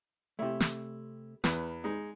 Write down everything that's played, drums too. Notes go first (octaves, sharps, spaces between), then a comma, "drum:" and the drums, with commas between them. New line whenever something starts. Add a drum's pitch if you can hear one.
C3 A3 E4 G4
drum: snare
E2 B4, drum: snare
G#3 D#4